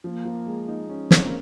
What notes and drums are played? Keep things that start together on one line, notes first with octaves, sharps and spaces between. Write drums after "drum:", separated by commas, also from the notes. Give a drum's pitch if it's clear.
F3 A#3
F3
G#3
D#4
C#4
C#4, drum: snare
C4
A#3